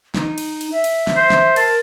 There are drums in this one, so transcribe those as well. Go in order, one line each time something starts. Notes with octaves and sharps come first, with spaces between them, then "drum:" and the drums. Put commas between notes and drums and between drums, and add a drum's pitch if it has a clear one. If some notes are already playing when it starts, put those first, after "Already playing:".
D#4, drum: snare
drum: cymbal
drum: cymbal
E5
drum: cymbal
drum: snare
C5
drum: snare
A#4 A5, drum: cymbal